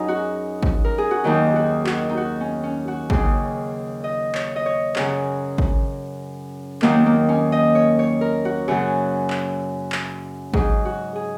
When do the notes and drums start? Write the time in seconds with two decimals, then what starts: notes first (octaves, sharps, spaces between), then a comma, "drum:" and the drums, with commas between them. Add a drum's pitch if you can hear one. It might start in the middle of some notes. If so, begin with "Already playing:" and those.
Already playing: F#2 F#3 D#4 G#4
0.08 F#4
0.63 drum: kick
0.85 A#4
0.98 G#4
1.11 F#4
1.24 D#2 D#3 F#3 D#4
1.56 F#4
1.87 F#4, drum: clap
2.09 D#4
2.17 F#4
2.41 C#4
2.63 C#4
2.88 F#4
3.10 D#2 C#3 F#3 G#4, drum: kick
4.04 D#5
4.35 C#5, drum: clap
4.56 D#5
4.66 C#5
4.96 F#2 C#3 F#3 C#5, drum: clap
5.58 drum: kick
6.82 D#2 D#3 F#3 A#3, drum: clap
7.06 A#3
7.29 C#4
7.52 D#5
7.75 C#5
7.99 C#5
8.21 A#4
8.45 F#4
8.68 F#2 C#3 F#3 C#5
9.30 drum: clap
9.92 drum: clap
10.54 G#2 F#3 G#4, drum: kick
10.85 F#4
11.15 G#4